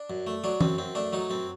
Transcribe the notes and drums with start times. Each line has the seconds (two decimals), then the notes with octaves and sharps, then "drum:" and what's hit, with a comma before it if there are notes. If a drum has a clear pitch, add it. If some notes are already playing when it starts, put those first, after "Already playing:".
Already playing: D4
0.10 F#2
0.27 A3
0.44 F#3 D4
0.61 F#2 C4, drum: tom E3
0.78 F#2 C4
0.95 A3 D4
1.13 F#3 D#4
1.30 F#2 C4